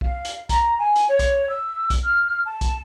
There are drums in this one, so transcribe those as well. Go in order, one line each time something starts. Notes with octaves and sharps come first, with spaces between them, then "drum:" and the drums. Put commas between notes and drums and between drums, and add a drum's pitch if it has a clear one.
F5, drum: kick
drum: hi-hat
A#5, drum: kick, hi-hat
G#5
drum: hi-hat
C#5
drum: kick, hi-hat
E6
drum: kick, hi-hat
F6
A5
drum: kick, hi-hat